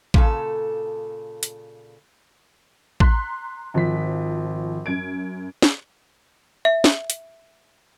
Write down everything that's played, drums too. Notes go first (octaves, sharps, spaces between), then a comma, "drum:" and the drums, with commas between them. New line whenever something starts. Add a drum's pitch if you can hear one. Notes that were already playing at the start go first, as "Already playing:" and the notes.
A#2 C#3 A4, drum: kick A1
drum: hi-hat
A#5 C6 F#6 B6, drum: kick A1
G#1 F3 B6
F#2 G#6 D7
drum: snare
E5
drum: snare
drum: hi-hat